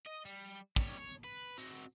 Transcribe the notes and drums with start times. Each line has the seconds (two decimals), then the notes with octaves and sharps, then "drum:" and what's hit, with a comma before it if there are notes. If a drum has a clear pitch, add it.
0.07 D#5
0.25 G3
0.76 G3 C#5, drum: kick
0.97 C#5
1.24 B4
1.58 C4 F#4, drum: tambourine